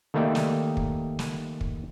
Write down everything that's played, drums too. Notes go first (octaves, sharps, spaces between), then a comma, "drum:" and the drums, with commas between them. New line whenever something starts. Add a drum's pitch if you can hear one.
D#3 A3 A#3 D#4 G4 D5
drum: snare
drum: kick
drum: snare
drum: kick